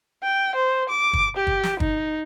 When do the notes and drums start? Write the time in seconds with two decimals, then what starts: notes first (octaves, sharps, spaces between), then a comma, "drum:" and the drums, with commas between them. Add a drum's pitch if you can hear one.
0.23 G5
0.55 C5
0.89 D6
1.13 drum: kick
1.37 G4
1.47 drum: kick
1.63 drum: snare
1.80 D#4, drum: kick